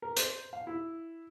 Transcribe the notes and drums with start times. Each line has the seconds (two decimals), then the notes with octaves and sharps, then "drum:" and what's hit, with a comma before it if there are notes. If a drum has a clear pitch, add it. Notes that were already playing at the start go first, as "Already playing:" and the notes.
0.02 A#4
0.17 C5, drum: hi-hat
0.53 F5
0.67 E4